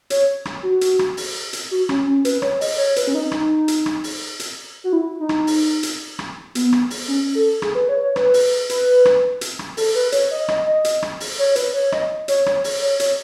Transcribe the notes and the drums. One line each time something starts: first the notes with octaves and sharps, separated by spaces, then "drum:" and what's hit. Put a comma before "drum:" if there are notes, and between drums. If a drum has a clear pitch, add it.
C#5, drum: hi-hat
drum: rim click
F#4
drum: hi-hat
drum: rim click
drum: open hi-hat
drum: hi-hat
F#4
C#4, drum: rim click
C#4
B4, drum: hi-hat
C#5, drum: rim click
D#5, drum: open hi-hat
C#5
B4, drum: hi-hat
C#4
D#4
D#4, drum: rim click
drum: hi-hat
drum: rim click
drum: open hi-hat
drum: hi-hat
F#4
E4
D#4
drum: rim click
drum: open hi-hat
drum: hi-hat
drum: rim click
B3, drum: hi-hat
drum: rim click
drum: open hi-hat
C#4
A4
G#4, drum: rim click
B4
C#5
C#5
B4, drum: rim click
drum: open hi-hat
B4, drum: hi-hat
drum: rim click
drum: hi-hat
drum: rim click
A4, drum: open hi-hat
B4
C#5, drum: hi-hat
D#5
D#5, drum: rim click
D#5
drum: hi-hat
drum: rim click
drum: open hi-hat
C#5
C#5
B4, drum: hi-hat
C#5
D#5, drum: rim click
C#5, drum: hi-hat
C#5, drum: rim click
C#5, drum: open hi-hat
C#5
C#5, drum: hi-hat